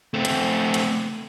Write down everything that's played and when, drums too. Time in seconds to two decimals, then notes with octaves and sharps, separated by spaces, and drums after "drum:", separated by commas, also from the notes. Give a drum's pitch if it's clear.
0.14 A3 C4
0.25 drum: hi-hat
0.74 drum: hi-hat